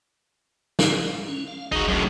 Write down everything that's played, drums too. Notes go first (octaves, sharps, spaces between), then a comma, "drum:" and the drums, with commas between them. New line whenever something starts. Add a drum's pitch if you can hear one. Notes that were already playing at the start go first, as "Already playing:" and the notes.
drum: snare
C#4
F5
F#1 C2 D#4 F#4 G#4
F#2 A2